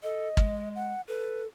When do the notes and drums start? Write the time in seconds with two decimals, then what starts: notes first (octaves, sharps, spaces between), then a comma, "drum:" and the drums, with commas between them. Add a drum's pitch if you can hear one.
0.03 A4 D#5
0.37 G#3, drum: kick
0.75 F#5
1.08 A4 B4